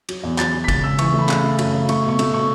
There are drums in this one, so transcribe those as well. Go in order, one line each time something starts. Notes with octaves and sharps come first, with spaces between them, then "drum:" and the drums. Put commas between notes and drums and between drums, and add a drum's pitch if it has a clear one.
F#3, drum: cymbal
E2
F#3 A6, drum: clap
F#3
B6
C#2 A6, drum: kick, cymbal
C#2 E6
E3 C#6, drum: cymbal
A3
B5
C#3, drum: clap
A3
F#2, drum: cymbal
C#3
A3 C#6, drum: cymbal
B2 C#6
A3 E6, drum: cymbal
B2 C#6